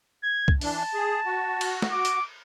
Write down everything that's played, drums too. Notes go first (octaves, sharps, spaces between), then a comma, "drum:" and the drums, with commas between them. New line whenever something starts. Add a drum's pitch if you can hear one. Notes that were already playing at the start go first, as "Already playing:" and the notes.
G#6
drum: kick C2
E3 D4 A5, drum: open hi-hat
G#4
F#4
drum: cymbal
drum: snare
D6
drum: hi-hat